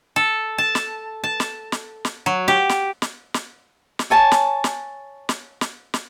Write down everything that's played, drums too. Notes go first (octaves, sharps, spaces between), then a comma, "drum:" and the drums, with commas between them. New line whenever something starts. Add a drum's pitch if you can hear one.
A4
A5
drum: snare
A5
drum: snare
drum: snare
drum: snare
F#3
G4
drum: snare
drum: snare
drum: snare
drum: snare
C#5 G#5 A5
drum: snare
drum: snare
drum: snare
drum: snare
drum: snare